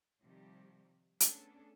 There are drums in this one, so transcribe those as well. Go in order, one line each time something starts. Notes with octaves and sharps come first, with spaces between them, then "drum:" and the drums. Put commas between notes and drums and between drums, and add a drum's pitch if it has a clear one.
C3 D#3 F3 G3 G4
A3 B3 C#4 D4 G#4 A4, drum: hi-hat